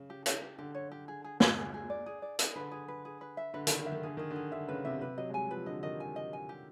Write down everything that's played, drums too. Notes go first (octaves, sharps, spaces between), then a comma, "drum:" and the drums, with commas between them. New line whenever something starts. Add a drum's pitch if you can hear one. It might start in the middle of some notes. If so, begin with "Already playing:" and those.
Already playing: C#3
G4
C#5, drum: hi-hat
G4
D3 G4
C#5
G4
G#4
G#4
G#4, drum: snare
G#4
G#4
D5
G#4
D5
G#4, drum: hi-hat
D3 B4
G#4
B4
G#4
B4
E5
D3 B4
D#3 B4, drum: hi-hat
D3
E5
D#3
D3 G#4
D#3 G#4
D3
G#4
D3 E5
C#3 B4
C3 E5
C3 B4
F#3 D#5
G#3
G3 G#5
F3 B4
D3 D#5
D#3 D#5
G#5
D#5
G#5
G4